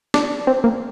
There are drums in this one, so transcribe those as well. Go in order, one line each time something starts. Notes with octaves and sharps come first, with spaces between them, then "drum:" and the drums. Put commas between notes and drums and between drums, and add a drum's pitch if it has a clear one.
D4, drum: snare
C4
A#3